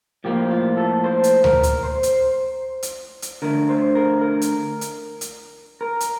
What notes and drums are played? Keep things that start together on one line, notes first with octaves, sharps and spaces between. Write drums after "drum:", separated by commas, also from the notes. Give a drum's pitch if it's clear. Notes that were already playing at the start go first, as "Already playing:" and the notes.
A2 F3 A#3 G4
F4
A4
C5
drum: hi-hat
A#4, drum: tom D2
drum: hi-hat
C5
drum: hi-hat
drum: hi-hat
drum: hi-hat
D3 A3 A#4
C5
A#4
A#4
drum: hi-hat
drum: hi-hat
drum: hi-hat
A#4
drum: hi-hat